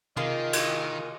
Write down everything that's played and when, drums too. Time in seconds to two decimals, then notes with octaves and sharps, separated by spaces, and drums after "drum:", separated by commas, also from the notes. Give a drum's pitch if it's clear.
0.17 C3 D#3 A#3 F4 G#4 D#5
0.53 drum: cymbal